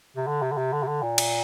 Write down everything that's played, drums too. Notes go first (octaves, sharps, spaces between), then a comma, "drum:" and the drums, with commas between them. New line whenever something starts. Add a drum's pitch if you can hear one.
C3
D3
C3
D3
C3
D3
C3
D3
A#2
drum: cymbal